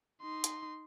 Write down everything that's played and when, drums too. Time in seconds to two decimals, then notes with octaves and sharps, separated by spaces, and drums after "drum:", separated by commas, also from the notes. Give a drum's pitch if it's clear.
0.22 D#4 C6
0.44 drum: hi-hat